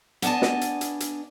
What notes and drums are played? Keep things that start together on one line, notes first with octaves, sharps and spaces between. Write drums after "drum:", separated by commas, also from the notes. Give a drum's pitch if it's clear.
B3 D4 D#5 G#5 A5, drum: hi-hat
drum: snare
drum: hi-hat
drum: hi-hat
drum: hi-hat